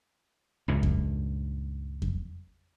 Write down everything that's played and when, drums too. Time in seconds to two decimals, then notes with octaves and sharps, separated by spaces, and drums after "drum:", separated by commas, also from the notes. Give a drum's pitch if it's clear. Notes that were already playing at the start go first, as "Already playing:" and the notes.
0.68 C#2 G2 A#2
0.83 drum: kick F2
2.02 drum: kick F2